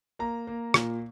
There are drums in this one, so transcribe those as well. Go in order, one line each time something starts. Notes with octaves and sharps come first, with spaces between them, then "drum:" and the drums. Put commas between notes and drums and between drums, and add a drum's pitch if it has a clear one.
A#3 A#5
A#3
A#2, drum: rim click